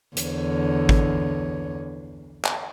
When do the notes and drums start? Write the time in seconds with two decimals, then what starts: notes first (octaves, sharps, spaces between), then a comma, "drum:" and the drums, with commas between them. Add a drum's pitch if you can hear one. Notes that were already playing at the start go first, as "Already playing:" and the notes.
0.17 E2 D3 C#5, drum: hi-hat
0.89 drum: kick G#1
2.45 drum: clap